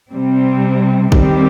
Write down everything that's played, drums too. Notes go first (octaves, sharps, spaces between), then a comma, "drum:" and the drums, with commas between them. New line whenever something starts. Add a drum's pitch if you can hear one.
C3 G3 C4
D#3 G3 C4 G4, drum: kick